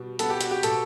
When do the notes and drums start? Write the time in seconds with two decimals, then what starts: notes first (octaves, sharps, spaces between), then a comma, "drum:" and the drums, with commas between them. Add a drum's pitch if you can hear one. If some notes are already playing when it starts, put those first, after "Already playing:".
Already playing: B2 G3
0.19 B3 A4, drum: hi-hat
0.30 G4
0.41 F#4, drum: hi-hat
0.51 G4
0.63 B2 A4, drum: hi-hat